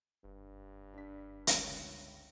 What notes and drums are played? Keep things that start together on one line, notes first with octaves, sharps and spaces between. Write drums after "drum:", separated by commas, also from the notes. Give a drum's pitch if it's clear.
F#1 G2
D4 B6
G1 C#2 C#5, drum: hi-hat